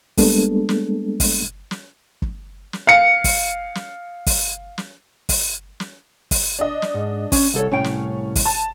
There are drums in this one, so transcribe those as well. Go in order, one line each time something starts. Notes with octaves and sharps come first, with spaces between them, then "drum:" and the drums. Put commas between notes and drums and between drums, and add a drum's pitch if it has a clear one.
G3 G#3 A#3 B3 D4 A4, drum: kick, open hi-hat
drum: snare
drum: kick, open hi-hat
drum: snare
drum: kick
drum: snare
F5 C#7
drum: kick, open hi-hat
drum: snare
drum: kick, open hi-hat
drum: snare
drum: kick, open hi-hat
drum: snare
drum: kick, open hi-hat
D4 D#5
drum: snare
G#2
C#4, drum: kick, open hi-hat
C2 A4 C#5
C2 A2 C#4 G5
drum: snare
drum: kick, open hi-hat
A5